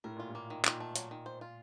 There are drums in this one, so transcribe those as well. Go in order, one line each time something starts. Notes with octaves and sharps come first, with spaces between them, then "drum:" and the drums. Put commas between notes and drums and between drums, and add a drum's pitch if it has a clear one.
A2 A#4
A#2 F4
A2 A#3
D#3
A#2 D#3, drum: clap
A3
F#3, drum: hi-hat
D#3
C5
F4